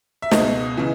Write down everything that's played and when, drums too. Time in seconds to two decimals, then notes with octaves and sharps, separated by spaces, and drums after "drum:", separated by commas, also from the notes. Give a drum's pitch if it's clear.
0.22 E5
0.31 C#2 B2 D#5, drum: snare
0.77 C#3 E3